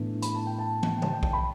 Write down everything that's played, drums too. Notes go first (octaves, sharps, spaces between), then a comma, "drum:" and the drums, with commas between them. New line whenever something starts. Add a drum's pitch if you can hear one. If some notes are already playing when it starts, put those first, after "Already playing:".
Already playing: A2 E3 B3 D4
B5, drum: hi-hat
A5
G5
A5
drum: tom
G5
A5, drum: tom C#3
G5
A5, drum: kick B1
B5